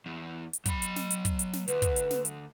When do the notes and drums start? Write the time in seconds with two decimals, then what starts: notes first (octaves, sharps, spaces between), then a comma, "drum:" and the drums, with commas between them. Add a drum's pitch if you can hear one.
0.06 E2
0.53 drum: hi-hat
0.66 F#3 B5, drum: kick, hi-hat
0.82 drum: hi-hat
0.96 drum: snare
1.10 drum: hi-hat
1.25 drum: kick, hi-hat
1.39 drum: hi-hat
1.53 drum: snare
1.68 D2 B4, drum: hi-hat
1.82 drum: kick, hi-hat
1.96 drum: hi-hat
2.10 drum: snare
2.25 drum: hi-hat